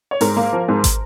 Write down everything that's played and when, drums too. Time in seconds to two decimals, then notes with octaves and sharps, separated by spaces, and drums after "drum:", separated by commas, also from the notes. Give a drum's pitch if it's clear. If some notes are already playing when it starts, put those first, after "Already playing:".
0.11 C#5
0.21 G#2 A#4, drum: open hi-hat
0.36 A#3
0.53 F3
0.69 G#2
0.84 drum: kick, hi-hat